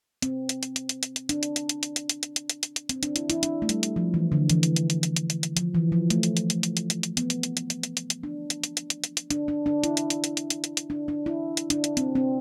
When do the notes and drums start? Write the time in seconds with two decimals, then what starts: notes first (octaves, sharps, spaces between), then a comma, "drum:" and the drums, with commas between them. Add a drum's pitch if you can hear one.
0.22 C4, drum: hi-hat
0.49 drum: hi-hat
0.63 drum: hi-hat
0.76 drum: hi-hat
0.89 drum: hi-hat
1.03 drum: hi-hat
1.16 drum: hi-hat
1.29 D4, drum: hi-hat
1.43 drum: hi-hat
1.56 drum: hi-hat
1.69 drum: hi-hat
1.83 drum: hi-hat
1.96 drum: hi-hat
2.09 drum: hi-hat
2.23 drum: hi-hat
2.36 drum: hi-hat
2.49 drum: hi-hat
2.63 drum: hi-hat
2.76 drum: hi-hat
2.89 C4, drum: hi-hat
3.03 D4, drum: hi-hat
3.16 E4, drum: hi-hat
3.30 E4, drum: hi-hat
3.43 D4, drum: hi-hat
3.62 A3
3.69 G3, drum: hi-hat
3.83 drum: hi-hat
3.96 F3
4.14 E3
4.32 D3
4.50 E3, drum: hi-hat
4.63 drum: hi-hat
4.76 drum: hi-hat
4.90 drum: hi-hat
5.03 drum: hi-hat
5.16 drum: hi-hat
5.30 drum: hi-hat
5.43 drum: hi-hat
5.57 F3, drum: hi-hat
5.75 E3
5.92 F3
6.10 A3, drum: hi-hat
6.23 drum: hi-hat
6.37 drum: hi-hat
6.50 drum: hi-hat
6.63 drum: hi-hat
6.77 drum: hi-hat
6.90 drum: hi-hat
7.03 drum: hi-hat
7.17 B3, drum: hi-hat
7.30 drum: hi-hat
7.43 drum: hi-hat
7.57 drum: hi-hat
7.70 drum: hi-hat
7.83 drum: hi-hat
7.97 drum: hi-hat
8.10 drum: hi-hat
8.23 D4
8.50 drum: hi-hat
8.64 drum: hi-hat
8.77 drum: hi-hat
8.90 drum: hi-hat
9.04 drum: hi-hat
9.17 drum: hi-hat
9.30 D4, drum: hi-hat
9.48 D4
9.66 D4
9.84 E4, drum: hi-hat
9.97 drum: hi-hat
10.10 drum: hi-hat
10.24 drum: hi-hat
10.37 drum: hi-hat
10.50 drum: hi-hat
10.64 drum: hi-hat
10.77 drum: hi-hat
10.90 D4
11.08 D4
11.26 E4
11.57 drum: hi-hat
11.70 D4, drum: hi-hat
11.84 drum: hi-hat
11.97 C4, drum: hi-hat
12.15 C4